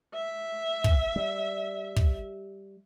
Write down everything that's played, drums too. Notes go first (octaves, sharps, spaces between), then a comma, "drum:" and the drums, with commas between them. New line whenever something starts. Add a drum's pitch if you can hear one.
E5
drum: kick
G3
drum: kick